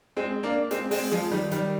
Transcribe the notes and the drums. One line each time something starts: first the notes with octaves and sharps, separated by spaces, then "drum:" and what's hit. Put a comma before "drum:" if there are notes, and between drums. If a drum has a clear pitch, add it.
G#3 C4
A#3 D4
G#3 C4, drum: hi-hat
G#3 C4, drum: open hi-hat
F3 G#3
D#3 G3
D#3 G3, drum: hi-hat